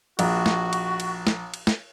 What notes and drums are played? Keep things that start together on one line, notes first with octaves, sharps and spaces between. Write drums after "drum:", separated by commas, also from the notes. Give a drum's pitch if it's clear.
A#1 F#4, drum: cymbal
drum: snare
drum: cymbal
drum: cymbal
drum: snare
drum: cymbal
drum: snare